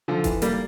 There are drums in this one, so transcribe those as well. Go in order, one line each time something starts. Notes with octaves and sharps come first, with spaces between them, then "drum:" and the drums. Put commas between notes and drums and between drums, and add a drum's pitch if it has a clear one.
D3 F3
E3, drum: kick F#1, hi-hat
G3 A#3, drum: hi-hat